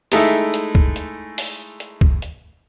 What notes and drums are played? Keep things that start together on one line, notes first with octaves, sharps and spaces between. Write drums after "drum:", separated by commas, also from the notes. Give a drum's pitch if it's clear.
G#3 A3 D#4 E4, drum: open hi-hat
drum: hi-hat
drum: kick C#2
drum: hi-hat
drum: open hi-hat
drum: hi-hat
drum: kick C#2
drum: hi-hat